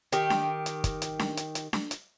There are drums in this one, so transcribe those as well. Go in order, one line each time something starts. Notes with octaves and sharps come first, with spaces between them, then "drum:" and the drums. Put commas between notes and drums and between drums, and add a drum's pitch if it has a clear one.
D#3 G4, drum: hi-hat
drum: snare D4
drum: hi-hat
drum: kick, hi-hat
drum: hi-hat
drum: snare D4
drum: hi-hat
drum: hi-hat
drum: snare D4
drum: hi-hat